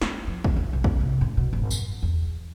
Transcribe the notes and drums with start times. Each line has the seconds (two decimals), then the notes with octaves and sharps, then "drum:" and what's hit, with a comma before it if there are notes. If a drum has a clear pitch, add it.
0.02 F4, drum: snare
0.28 F3
0.44 E2, drum: kick
0.56 D2
0.73 B1
0.84 drum: kick
1.01 C2
1.21 A2
1.37 B2
1.53 G#1
1.71 F#2, drum: tambourine
2.02 E2